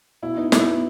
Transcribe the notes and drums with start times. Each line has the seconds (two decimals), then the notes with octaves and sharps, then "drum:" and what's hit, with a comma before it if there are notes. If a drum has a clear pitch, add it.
0.22 B2 E4
0.37 B3 D#4
0.52 B2 E4, drum: snare
0.67 B3